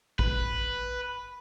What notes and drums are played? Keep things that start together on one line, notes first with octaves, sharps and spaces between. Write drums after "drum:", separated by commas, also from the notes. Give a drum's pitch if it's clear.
B4, drum: kick